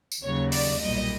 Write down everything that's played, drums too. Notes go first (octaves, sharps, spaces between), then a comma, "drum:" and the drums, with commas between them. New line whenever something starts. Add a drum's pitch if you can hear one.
drum: tambourine
D#2 C#3 F#3 C#5
D5, drum: open hi-hat
B1 A#2 G3 D#5